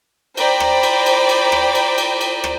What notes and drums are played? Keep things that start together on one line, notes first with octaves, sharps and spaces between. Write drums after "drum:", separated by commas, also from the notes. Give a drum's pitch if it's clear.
C5 D5 G5 A#5 B5, drum: cymbal
drum: rim click
drum: cymbal
drum: cymbal
drum: cymbal
drum: rim click
drum: cymbal
drum: cymbal
drum: cymbal
drum: rim click